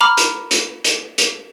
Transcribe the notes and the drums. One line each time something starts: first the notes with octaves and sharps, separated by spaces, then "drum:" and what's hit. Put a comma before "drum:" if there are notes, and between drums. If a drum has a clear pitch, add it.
A#5 B5 D6 F6
drum: hi-hat
drum: hi-hat
drum: hi-hat
drum: hi-hat